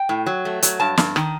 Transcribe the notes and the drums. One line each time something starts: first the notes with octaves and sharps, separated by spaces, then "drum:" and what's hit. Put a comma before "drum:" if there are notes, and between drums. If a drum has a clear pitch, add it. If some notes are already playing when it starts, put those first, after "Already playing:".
Already playing: G5
A2
F#3
A3
F#3, drum: hi-hat
G2 A5
G2, drum: snare
D#3, drum: rim click